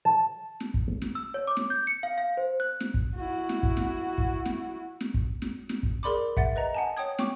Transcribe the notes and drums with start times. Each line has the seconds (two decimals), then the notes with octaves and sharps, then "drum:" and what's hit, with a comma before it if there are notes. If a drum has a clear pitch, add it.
0.05 A5
0.60 drum: snare
0.74 drum: kick
1.02 drum: snare
1.15 E6
1.34 C#5
1.47 D6
1.57 drum: snare
1.70 G6
1.87 C#7
2.03 F5
2.18 F5
2.37 C5
2.60 F#6
2.80 drum: snare
2.94 drum: kick
3.15 E4 F#4
3.49 drum: snare
3.63 drum: kick
3.77 drum: snare
4.18 drum: kick
4.45 drum: snare
5.01 drum: snare
5.14 drum: kick
5.42 drum: snare
5.69 drum: snare
5.83 drum: kick
6.03 G#4 A#4 D5 B5 C6 D6
6.37 E5 F#5 A6, drum: kick
6.56 B4 D#5 A#5
6.74 F#5 G#5 A5
6.97 C#5 G5 D#6 G#6
7.18 G5 C#6 D6, drum: snare